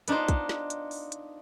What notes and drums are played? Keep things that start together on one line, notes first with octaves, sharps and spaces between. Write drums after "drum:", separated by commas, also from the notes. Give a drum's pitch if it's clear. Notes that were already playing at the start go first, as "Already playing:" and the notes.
B3 D4 D#4 F4 C5, drum: hi-hat
drum: kick, hi-hat
drum: snare
drum: hi-hat
drum: open hi-hat
drum: hi-hat